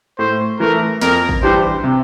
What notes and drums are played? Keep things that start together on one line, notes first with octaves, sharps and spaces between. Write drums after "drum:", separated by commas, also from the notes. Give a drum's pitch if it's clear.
A2 C5
E3 A3 A#4
F2 A#4, drum: snare
drum: kick
E3 G3 D4 G4 C5
C3